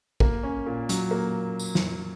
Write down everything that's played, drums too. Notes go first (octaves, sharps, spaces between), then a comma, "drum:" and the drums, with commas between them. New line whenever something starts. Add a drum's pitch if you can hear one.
A#3, drum: kick A1
C#4
A#2
F#3, drum: hi-hat
A#3
drum: tambourine
drum: snare